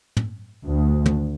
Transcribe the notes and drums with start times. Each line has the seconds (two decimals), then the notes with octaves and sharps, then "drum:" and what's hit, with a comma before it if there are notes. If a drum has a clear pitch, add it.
0.17 drum: tom
0.65 D2
1.06 drum: tom